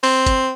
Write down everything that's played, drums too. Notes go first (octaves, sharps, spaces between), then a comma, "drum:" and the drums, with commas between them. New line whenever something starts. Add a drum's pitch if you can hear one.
C4, drum: open hi-hat
drum: kick, hi-hat